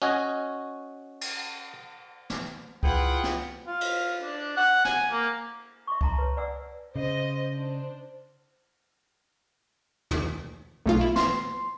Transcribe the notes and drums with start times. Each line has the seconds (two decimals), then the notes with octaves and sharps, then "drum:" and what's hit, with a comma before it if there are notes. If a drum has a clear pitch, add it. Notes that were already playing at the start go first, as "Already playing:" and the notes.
0.02 C#4 F#4 D#5 G#5
1.21 drum: cymbal
2.30 drum: snare
2.83 E4 F4 G#4 B4 F#5 G5, drum: kick C#2
3.24 drum: snare
3.67 F4
3.81 drum: cymbal
4.22 D4
4.57 F#5
4.85 G#5, drum: snare
5.11 A#3
5.87 E5 C6 C#6
6.01 E5 A5 A#5 C6, drum: kick C#2
6.18 B4 C#5
6.37 B4 D5 F#5 G#5 E6
6.96 C#3 C5 D#5
7.51 D4 C5
10.11 drum: tom
10.86 B1 B2 A3 F4
11.01 E4
11.16 C6, drum: snare